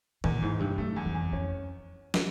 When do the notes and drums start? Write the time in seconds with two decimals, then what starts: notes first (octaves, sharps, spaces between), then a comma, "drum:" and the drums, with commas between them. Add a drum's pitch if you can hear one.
0.24 E2 A#2, drum: tom D#3
0.41 G#2 E3
0.60 G2 C3
0.78 F#2 A3
0.96 E2
1.05 F2
1.15 E2
1.32 F2 C#4
2.14 drum: snare